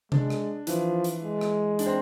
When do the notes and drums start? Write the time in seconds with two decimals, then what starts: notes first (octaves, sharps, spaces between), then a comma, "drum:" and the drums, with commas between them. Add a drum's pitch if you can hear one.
0.12 G#3 D4, drum: tom C3
0.30 drum: rim click
0.67 E3 F3, drum: hi-hat
1.04 drum: hi-hat
1.23 G#3
1.41 drum: rim click
1.79 D4, drum: hi-hat
1.86 C4